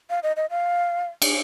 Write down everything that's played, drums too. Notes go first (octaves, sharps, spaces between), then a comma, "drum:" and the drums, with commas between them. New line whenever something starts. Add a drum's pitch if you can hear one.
F5
D#5
D#5
F5
drum: cymbal